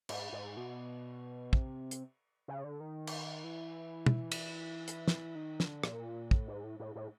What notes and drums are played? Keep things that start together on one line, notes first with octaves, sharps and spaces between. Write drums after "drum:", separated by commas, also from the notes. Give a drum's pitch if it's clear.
G#2, drum: cymbal
G#2
B2
C3, drum: kick
drum: hi-hat
C#3
D3
D#3
drum: cymbal
E3
drum: tom
drum: cymbal
drum: hi-hat
drum: snare
D#3
D3, drum: snare
A#2, drum: rim click
A2, drum: kick
G#2
A2
A2
A2